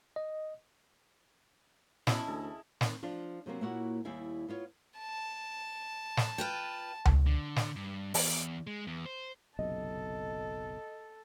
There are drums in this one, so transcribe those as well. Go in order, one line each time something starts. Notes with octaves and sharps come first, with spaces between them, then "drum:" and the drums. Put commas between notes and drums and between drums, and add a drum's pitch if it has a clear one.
D#5
B2 C#4 E4 A4 D#5 A5, drum: snare
D2 G#4 A4
D#3 C4, drum: snare
F3 D4 F4
C3 F#3 A#3 C4
A#2 A#3 E4 F#4 C#5 F#5
D#2 G3 E4 F5 G#5
B3 F4 C#5
A5
drum: snare
F4 B4 G5
drum: tom C#2
D3
drum: snare
G2
E2, drum: open hi-hat
G#3
E2
C5
F#1 B1 C3 A4 D#5